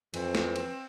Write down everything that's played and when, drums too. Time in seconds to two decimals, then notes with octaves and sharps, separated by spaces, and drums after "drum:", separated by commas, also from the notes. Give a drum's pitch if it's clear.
0.14 F2 E3 F3 C4, drum: cymbal
0.35 drum: snare
0.56 drum: cymbal